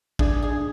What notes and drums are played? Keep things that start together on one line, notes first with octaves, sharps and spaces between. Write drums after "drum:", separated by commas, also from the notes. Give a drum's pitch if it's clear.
D4 G#4, drum: kick
G#4
D4